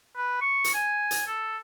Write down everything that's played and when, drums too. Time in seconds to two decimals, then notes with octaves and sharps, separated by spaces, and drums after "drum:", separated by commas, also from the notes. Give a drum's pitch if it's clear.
0.16 B4
0.41 C#6
0.64 drum: hi-hat
0.74 G#5
1.11 drum: hi-hat
1.27 A4